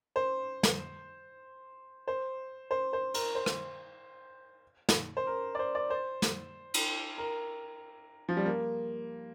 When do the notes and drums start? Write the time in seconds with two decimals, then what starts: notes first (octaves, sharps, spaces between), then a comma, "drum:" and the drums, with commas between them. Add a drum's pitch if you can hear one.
0.16 C5
0.63 drum: snare
2.08 C5
2.71 C5
2.93 C5
3.14 A#4, drum: cymbal
3.35 C5
3.46 drum: rim click
4.89 drum: snare
5.17 C5
5.27 A#4
5.55 D5
5.59 C5
5.75 D5
5.90 C5
6.22 drum: snare
6.74 drum: cymbal
7.18 A#4
8.29 F3
8.37 G3
8.46 A#3